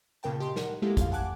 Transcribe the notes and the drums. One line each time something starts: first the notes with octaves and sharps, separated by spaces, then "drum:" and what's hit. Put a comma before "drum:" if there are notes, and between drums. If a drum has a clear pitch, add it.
A#2 C#3 A#4 G5 A5
G4 D#5 C6
A#4 F#5, drum: snare
G#3 A#3 E4 F4 G4 A4
F2 F5, drum: kick, hi-hat
F#5 G#5 A5 D6 F#6 G#6